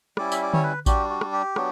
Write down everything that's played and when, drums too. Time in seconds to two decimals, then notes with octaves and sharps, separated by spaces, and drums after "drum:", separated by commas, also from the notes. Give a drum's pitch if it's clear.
0.17 G3 C#4 E4 D5, drum: rim click
0.32 E5, drum: tambourine
0.42 D5
0.54 C#5, drum: tom D3
0.63 B4
0.86 G3 D4 F#4 G4, drum: kick A1, tambourine
1.10 F#4
1.21 drum: rim click
1.33 G4
1.56 F#3 B3 D4 F#4, drum: rim click